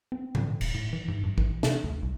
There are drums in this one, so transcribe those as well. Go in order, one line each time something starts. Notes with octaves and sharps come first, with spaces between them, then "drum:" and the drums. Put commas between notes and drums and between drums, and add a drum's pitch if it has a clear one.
C4
D3, drum: tom G#2
D#1, drum: cymbal
A2
E3
G#2
G2
E3, drum: kick
C3, drum: snare
D2
C2